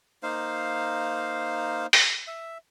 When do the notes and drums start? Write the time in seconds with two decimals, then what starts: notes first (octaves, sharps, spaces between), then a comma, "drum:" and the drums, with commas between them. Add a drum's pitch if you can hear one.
0.23 A#3 D#4 C5 F5
1.93 drum: open hi-hat
2.27 E5